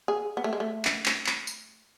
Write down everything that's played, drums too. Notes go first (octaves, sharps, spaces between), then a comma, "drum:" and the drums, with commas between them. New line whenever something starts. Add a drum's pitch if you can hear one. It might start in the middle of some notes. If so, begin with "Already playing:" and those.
G#4
B3
A3
G#3
A3
drum: clap
drum: clap
drum: clap
drum: tambourine